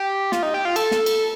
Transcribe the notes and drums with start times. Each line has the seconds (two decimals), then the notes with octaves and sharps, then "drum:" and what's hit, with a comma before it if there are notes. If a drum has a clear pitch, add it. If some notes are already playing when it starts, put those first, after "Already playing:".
Already playing: G4
0.32 F4, drum: snare
0.43 D#4
0.54 G4
0.65 F4
0.76 A4, drum: cymbal
0.91 drum: snare
1.06 drum: cymbal